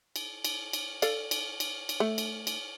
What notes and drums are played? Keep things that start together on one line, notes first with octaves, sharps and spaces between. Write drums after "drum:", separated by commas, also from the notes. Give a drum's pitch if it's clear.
drum: cymbal
drum: cymbal
drum: cymbal
A4 D5 F5, drum: cymbal
drum: cymbal
drum: cymbal
drum: cymbal
A3
drum: cymbal
drum: cymbal